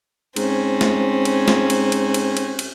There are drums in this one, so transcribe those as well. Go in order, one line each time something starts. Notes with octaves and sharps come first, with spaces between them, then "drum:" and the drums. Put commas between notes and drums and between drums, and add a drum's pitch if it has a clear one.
G#2 C4 C#4, drum: cymbal
drum: snare
drum: cymbal
drum: snare
drum: cymbal
drum: cymbal
drum: cymbal
drum: cymbal
drum: cymbal